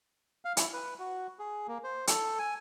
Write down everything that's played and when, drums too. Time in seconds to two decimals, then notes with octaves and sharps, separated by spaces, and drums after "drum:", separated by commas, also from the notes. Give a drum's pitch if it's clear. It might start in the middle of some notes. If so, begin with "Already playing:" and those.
0.45 F5
0.57 E4, drum: hi-hat
0.73 B4
0.99 F#4
1.39 G#4
1.68 A#3
1.84 C5
2.07 A4, drum: hi-hat
2.39 G#5